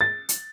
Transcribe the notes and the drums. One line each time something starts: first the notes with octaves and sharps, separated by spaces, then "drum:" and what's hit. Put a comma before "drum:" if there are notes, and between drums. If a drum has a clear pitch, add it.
A6
drum: hi-hat